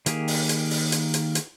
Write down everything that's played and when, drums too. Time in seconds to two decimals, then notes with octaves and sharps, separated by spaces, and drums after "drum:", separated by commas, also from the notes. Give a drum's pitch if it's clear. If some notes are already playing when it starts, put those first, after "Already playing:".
0.06 D#3 A#3 G4 G#4, drum: hi-hat
0.28 drum: open hi-hat
0.49 drum: hi-hat
0.71 drum: open hi-hat
0.92 drum: hi-hat
1.14 drum: hi-hat
1.35 drum: hi-hat